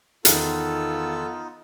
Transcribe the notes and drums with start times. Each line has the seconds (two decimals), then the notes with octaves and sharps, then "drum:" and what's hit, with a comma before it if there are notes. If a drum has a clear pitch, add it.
0.25 E2 D#3 B3 D#4 F4 A4 E6, drum: hi-hat